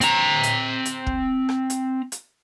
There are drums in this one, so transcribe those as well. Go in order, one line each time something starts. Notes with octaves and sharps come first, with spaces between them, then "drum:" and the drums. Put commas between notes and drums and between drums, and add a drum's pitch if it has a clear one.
C4 A#5, drum: hi-hat
drum: hi-hat
drum: hi-hat
drum: kick
drum: rim click
drum: hi-hat
drum: hi-hat